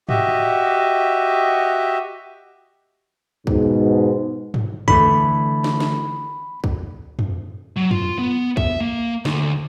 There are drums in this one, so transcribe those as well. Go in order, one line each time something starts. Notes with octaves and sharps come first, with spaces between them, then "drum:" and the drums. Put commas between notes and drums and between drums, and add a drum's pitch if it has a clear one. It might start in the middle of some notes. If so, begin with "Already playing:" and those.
F#4 G4 D#5 E5, drum: tom G#2
G#2 B2, drum: kick
drum: tom G#2
D3 E3 A3 B5, drum: kick
drum: snare
drum: snare
drum: kick
drum: tom F2
F#3
F4, drum: tom F2
B3
E5, drum: kick
A#3
D2, drum: snare